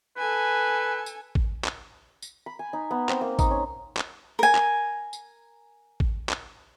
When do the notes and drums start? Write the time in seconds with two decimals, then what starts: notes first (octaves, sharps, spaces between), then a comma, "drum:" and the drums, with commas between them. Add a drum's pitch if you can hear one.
0.18 A4 B4 G#5
1.06 drum: tambourine
1.35 drum: kick
1.64 drum: clap
2.22 drum: tambourine
2.46 B5
2.59 G#5
2.73 D#4
2.91 B3
3.09 C4, drum: clap
3.21 A#3
3.39 D#4, drum: kick, tambourine
3.51 C#4
3.97 drum: clap
4.39 A#4 G#5
4.55 drum: clap
5.13 drum: tambourine
6.00 drum: kick
6.29 drum: clap